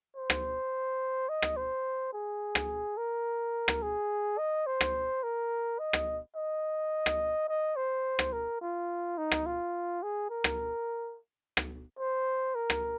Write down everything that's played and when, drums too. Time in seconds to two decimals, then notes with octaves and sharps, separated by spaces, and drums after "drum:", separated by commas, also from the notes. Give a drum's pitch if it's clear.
0.16 C5
0.30 drum: rim click
1.29 D#5
1.42 drum: rim click
1.56 C5
2.13 G#4
2.55 drum: rim click
2.97 A#4
3.68 drum: rim click
3.82 G#4
4.38 D#5
4.66 C5
4.81 drum: rim click
5.23 A#4
5.79 D#5
5.93 drum: rim click
6.36 D#5
7.06 drum: rim click
7.48 D#5
7.76 C5
8.19 drum: rim click
8.32 A#4
8.61 F4
9.18 D#4
9.31 drum: rim click
9.46 F4
10.03 G#4
10.30 A#4
10.44 drum: rim click
11.57 drum: rim click
11.99 C5
12.55 A#4
12.70 drum: rim click